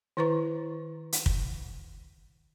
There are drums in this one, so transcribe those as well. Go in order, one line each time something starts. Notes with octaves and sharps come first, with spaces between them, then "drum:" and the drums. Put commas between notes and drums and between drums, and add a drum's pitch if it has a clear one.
D#3 E4 B4 A#5 C#6
drum: hi-hat
drum: kick